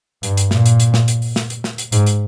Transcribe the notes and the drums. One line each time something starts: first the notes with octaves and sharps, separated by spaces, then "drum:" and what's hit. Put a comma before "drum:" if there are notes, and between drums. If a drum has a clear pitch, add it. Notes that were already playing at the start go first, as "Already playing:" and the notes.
G2, drum: hi-hat
drum: hi-hat
A#2, drum: snare
drum: hi-hat
drum: hi-hat
drum: snare
drum: hi-hat
drum: open hi-hat
drum: snare
drum: hi-hat
drum: snare
drum: hi-hat
G#2, drum: hi-hat
drum: hi-hat